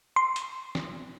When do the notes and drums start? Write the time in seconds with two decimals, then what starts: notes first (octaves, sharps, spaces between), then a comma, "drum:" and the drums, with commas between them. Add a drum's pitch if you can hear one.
0.16 C6
0.36 drum: hi-hat
0.75 drum: snare